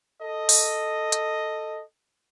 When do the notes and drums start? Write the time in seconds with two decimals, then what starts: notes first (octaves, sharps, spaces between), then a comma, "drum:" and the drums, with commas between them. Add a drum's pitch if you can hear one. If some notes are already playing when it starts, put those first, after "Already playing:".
0.22 A4 D#5
0.49 drum: open hi-hat
1.12 drum: hi-hat